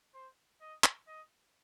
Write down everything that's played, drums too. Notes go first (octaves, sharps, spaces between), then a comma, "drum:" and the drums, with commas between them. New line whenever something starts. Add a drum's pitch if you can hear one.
C5
D#5
drum: clap
D#5